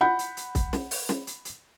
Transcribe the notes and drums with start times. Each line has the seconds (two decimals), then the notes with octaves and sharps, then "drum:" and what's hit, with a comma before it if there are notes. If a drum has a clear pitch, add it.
0.01 F#5 B5 G6
0.19 drum: hi-hat
0.37 drum: hi-hat
0.55 drum: kick, hi-hat
0.73 drum: snare
0.91 drum: open hi-hat
1.09 drum: snare
1.27 drum: hi-hat
1.45 drum: hi-hat